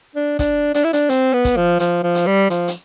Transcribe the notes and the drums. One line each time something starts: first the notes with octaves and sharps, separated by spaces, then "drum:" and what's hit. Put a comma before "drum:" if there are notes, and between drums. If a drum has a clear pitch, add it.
D4
D4, drum: kick, hi-hat
D4, drum: hi-hat
E4
D4, drum: hi-hat
C4, drum: hi-hat
B3
drum: kick, hi-hat
F3
F3, drum: hi-hat
F3
drum: hi-hat
G3
F3, drum: hi-hat
drum: hi-hat